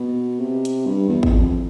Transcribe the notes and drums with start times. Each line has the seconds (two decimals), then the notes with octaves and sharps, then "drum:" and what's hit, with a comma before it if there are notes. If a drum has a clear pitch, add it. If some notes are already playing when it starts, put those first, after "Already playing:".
Already playing: B2
0.40 C3
0.65 drum: hi-hat
0.86 G2
1.09 E2
1.23 E2, drum: kick
1.32 F2